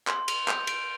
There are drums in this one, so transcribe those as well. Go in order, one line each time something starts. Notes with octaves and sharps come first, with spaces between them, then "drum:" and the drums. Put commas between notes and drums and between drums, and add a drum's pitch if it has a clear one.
C6, drum: clap
F7, drum: cymbal
G6, drum: clap
D7, drum: cymbal